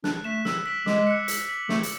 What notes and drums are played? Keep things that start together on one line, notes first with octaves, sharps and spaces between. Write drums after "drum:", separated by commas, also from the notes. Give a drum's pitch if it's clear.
D4 F#6, drum: snare
A3 B6 E7
E6, drum: snare
B6 D7 F#7
G#3 D6, drum: snare
F#6 C#7
F#6, drum: hi-hat
B6 F#7
A3 F#6, drum: snare
drum: hi-hat